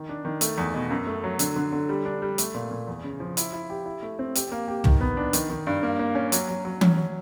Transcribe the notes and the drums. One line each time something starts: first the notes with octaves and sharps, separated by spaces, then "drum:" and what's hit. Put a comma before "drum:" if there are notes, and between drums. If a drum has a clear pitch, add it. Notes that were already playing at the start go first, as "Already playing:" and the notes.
Already playing: D#3
D4
D#3
A3, drum: hi-hat
E2
B2
F#2
A3
F#3
D3, drum: hi-hat
D3
D3
G3
D4
G3
A3, drum: hi-hat
A#2
A#2
E2
C#3
F3
E4, drum: hi-hat
E4
G4
E4
A3
C4
G4, drum: hi-hat
A#3
G4
D#3, drum: tom
B3
D4
D#3, drum: hi-hat
D#3
G2
A#3
A#3
C#4
F#3, drum: hi-hat
F#3
F#3
C#4, drum: tom E3
F#3